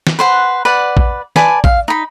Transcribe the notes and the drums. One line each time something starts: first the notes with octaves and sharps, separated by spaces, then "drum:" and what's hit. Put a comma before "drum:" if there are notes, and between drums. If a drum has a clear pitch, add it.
drum: snare
B4 C5 F#5
B4 D5 F#5
drum: kick
B4 D5 G#5 A5, drum: snare
F5, drum: kick
D#4 B5